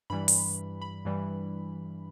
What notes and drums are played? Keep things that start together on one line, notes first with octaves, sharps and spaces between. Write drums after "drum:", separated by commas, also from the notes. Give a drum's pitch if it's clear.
G2 E3 G3 B5
drum: open hi-hat
B5
G2 E3 G3